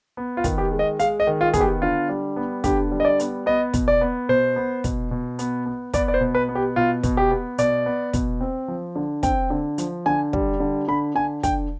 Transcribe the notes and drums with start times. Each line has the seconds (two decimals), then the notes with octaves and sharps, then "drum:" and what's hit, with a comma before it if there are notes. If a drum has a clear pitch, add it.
0.17 B3
0.37 F4
0.44 D#3, drum: kick, hi-hat
0.58 G4
0.72 G#3
0.79 D#5
0.99 G#3 F5, drum: hi-hat
1.20 D#5
1.27 D#3
1.41 F4
1.54 B3 G#4, drum: kick, hi-hat
1.61 G4
1.82 D3 F4
2.09 G3
2.36 B3
2.64 D3 G4, drum: kick, hi-hat
2.92 G3
3.00 D#5
3.05 D5
3.20 B3, drum: hi-hat
3.46 B3 D#5
3.74 B2, drum: kick, hi-hat
3.88 D5
4.01 B3
4.29 B2 C5
4.56 B3
4.84 B2, drum: kick, hi-hat
5.11 B2
5.39 B3, drum: hi-hat
5.66 B3
5.94 B3 D5, drum: kick, hi-hat
6.08 D5
6.14 C5
6.21 B2
6.35 B4
6.49 B3
6.55 G4
6.76 B2 F4
7.03 B2, drum: kick, hi-hat
7.17 G4
7.31 B3
7.58 B2 D5, drum: hi-hat
7.86 B3
8.13 B2, drum: kick, hi-hat
8.41 C4
8.68 F3
8.96 D3
9.23 C4 G5, drum: kick, hi-hat
9.50 D3
9.78 F3, drum: hi-hat
10.06 D3 G#5
10.33 G3, drum: kick
10.60 D3
10.88 D3 B5
11.15 D3 G#5
11.43 D3 G5, drum: kick, hi-hat